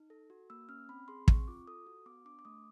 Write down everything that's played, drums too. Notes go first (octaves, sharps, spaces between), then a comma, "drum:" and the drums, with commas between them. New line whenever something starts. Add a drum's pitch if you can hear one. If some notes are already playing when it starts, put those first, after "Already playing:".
Already playing: D#4
A4
F#4
A#3 E6
C#4 F6
C4 B5
G#4 C6
C4 C#6, drum: kick
F4 D6
A4 D#6
F#4
B3 D6
D4 D6
D6
A3 D#6